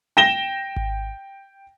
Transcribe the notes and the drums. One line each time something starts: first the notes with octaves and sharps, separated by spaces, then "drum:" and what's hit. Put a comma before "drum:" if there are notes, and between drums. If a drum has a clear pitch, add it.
G5 A#6 E7 G7
drum: kick G#1